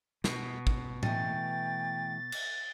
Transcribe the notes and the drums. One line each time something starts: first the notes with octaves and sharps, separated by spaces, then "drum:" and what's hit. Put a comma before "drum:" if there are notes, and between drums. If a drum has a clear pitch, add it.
B2, drum: snare
drum: kick
E3 A3 D#5 G5 A6, drum: tom A2
drum: cymbal